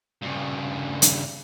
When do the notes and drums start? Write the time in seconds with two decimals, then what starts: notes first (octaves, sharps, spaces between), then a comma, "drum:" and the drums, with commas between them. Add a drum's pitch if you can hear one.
0.22 G2 C#3
1.02 drum: hi-hat